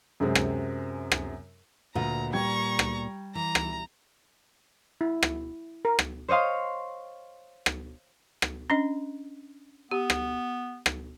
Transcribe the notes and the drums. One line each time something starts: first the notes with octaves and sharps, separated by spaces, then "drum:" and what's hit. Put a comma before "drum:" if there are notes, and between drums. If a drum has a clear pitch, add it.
F#2 C3 G#3 C4
drum: rim click
drum: rim click
D2 A#2 B4 A#5
G3 G5 A#5 C#6 G#6
drum: rim click
E3 A#5
drum: rim click
E4
drum: rim click
A#4
drum: rim click
C5 C#5 D#5 F5 C6
drum: rim click
drum: rim click
C#4 D4 D#5
B3 G4
drum: rim click
drum: rim click